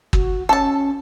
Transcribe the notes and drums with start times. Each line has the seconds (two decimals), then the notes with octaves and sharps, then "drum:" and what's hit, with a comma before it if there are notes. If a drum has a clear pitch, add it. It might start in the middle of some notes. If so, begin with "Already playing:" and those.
0.13 F#4, drum: kick
0.49 C#4 A4 A5